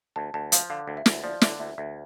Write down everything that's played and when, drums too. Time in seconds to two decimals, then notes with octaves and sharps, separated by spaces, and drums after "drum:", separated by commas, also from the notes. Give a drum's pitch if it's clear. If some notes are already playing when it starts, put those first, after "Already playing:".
0.16 D2 A5
0.34 D2 A5
0.52 F3 F5, drum: hi-hat
0.70 D3 F5
0.88 D2
0.97 E5
1.06 D2, drum: snare
1.24 F3 D5
1.41 D3 E5, drum: snare
1.60 D2 E5
1.78 D2 E5